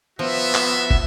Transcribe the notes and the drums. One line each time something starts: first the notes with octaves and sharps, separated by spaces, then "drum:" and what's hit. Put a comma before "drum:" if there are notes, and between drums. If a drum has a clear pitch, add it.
F3 B3 F#4 E5
drum: clap
drum: kick